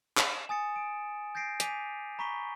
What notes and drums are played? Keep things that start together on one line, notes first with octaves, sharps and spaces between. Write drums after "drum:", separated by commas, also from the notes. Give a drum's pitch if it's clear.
E7, drum: clap
G#5 D#6 A6 C#7
D7
G6 A6 A#6 C7 D7
G#5 D6 B6 D#7 F7, drum: hi-hat
A#5 B5 C#6 B6 D#7 G7